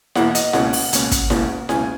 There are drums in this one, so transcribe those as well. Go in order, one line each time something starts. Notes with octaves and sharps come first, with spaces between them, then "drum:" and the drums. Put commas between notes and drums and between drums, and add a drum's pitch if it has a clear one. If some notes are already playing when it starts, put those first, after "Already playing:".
E2 B2 A#3 E4 F#5, drum: snare E4
D#5, drum: hi-hat
C#2 B2 A#3 C#4 F#5, drum: snare E4
drum: open hi-hat
C#2 B2 A#3 C#4, drum: hi-hat
drum: kick, hi-hat
C#2 B2 A#3 C#4, drum: snare E4
C#2 B2 A#3 C#4 G#5, drum: snare E4